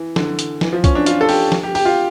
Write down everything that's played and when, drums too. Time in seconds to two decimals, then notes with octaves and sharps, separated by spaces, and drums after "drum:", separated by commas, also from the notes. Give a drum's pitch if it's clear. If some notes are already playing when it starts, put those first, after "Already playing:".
Already playing: E3
0.16 D3, drum: snare
0.39 drum: hi-hat
0.61 E3, drum: snare
0.73 F3
0.84 C#4, drum: kick B1, hi-hat
0.95 D4
1.06 F4, drum: hi-hat
1.21 A4
1.29 G4, drum: open hi-hat
1.52 drum: snare
1.63 G4
1.75 G4, drum: open hi-hat
1.85 F4